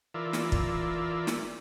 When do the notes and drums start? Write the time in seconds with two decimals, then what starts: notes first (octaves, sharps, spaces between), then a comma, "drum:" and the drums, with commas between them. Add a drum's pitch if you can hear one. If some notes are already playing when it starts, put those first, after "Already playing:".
0.14 E3 F4 A#4 D5 E5
0.33 drum: snare
0.52 drum: kick
1.27 drum: snare